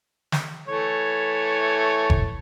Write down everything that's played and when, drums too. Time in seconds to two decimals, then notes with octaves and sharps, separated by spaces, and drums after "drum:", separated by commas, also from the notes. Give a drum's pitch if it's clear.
0.32 drum: snare
0.68 E3 A3 C#5
2.10 drum: kick F#1